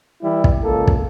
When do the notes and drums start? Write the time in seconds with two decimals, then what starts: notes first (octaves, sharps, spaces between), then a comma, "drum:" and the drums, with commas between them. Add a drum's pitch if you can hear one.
0.23 E3 G3 E4
0.44 drum: kick
0.64 C#2 A#3 A4
0.87 drum: kick